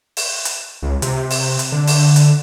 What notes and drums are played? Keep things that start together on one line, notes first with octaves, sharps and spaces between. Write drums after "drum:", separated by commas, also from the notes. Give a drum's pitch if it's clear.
drum: open hi-hat
drum: hi-hat
C#2
C3, drum: hi-hat
drum: open hi-hat
drum: hi-hat
D3
drum: open hi-hat
drum: hi-hat